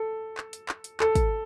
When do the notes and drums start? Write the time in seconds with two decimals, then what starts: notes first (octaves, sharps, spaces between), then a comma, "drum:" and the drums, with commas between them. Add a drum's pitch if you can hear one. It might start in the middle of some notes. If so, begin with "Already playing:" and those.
Already playing: A4
0.37 drum: clap
0.53 drum: hi-hat
0.69 drum: clap
0.84 drum: hi-hat
1.00 A4, drum: clap
1.15 drum: kick, hi-hat